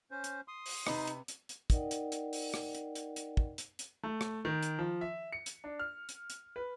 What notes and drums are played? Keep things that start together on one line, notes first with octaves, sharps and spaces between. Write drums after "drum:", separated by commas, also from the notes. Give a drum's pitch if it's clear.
C#4 C5
drum: hi-hat
C6 D#6
drum: open hi-hat
C3 D#4 B4, drum: rim click
drum: hi-hat
drum: hi-hat
drum: hi-hat
D#4 A#4 D5 D#5 F#5 G5, drum: kick, hi-hat
drum: hi-hat
drum: hi-hat
drum: open hi-hat
drum: rim click
drum: hi-hat
drum: hi-hat
drum: hi-hat
drum: kick
drum: hi-hat
drum: hi-hat
A3
drum: rim click
D#3
drum: hi-hat
F3
E5
C#7
drum: hi-hat
D4
F6
drum: hi-hat
drum: hi-hat
B4